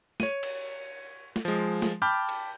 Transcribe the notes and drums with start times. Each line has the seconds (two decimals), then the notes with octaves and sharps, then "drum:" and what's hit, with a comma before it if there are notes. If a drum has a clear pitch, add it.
0.20 C#5 D#7, drum: snare
0.43 drum: cymbal
1.36 drum: snare
1.45 F3 G#3
1.82 drum: snare
2.02 G5 A5 B5 D6 F6 G6
2.29 drum: cymbal